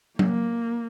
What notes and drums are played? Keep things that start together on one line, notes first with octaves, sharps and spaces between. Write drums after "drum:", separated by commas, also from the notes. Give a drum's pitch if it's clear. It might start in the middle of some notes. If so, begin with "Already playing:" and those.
A#3, drum: tom F#3